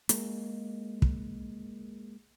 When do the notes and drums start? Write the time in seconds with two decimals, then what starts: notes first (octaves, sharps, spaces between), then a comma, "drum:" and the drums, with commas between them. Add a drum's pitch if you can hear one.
0.09 G#3 A#3, drum: hi-hat
1.02 drum: kick